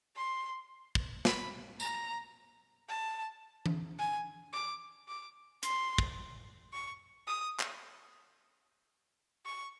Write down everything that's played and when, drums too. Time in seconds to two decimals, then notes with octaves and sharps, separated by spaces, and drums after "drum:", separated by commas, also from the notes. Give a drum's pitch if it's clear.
0.16 C6
0.95 drum: kick
1.25 B5, drum: snare
1.80 A#5, drum: tambourine
2.89 A5
3.66 drum: tom E3
3.99 G#5
4.53 D6
5.08 D6
5.63 C6, drum: hi-hat
5.98 drum: kick
6.73 C#6
7.27 D#6
7.59 drum: clap
9.46 C#6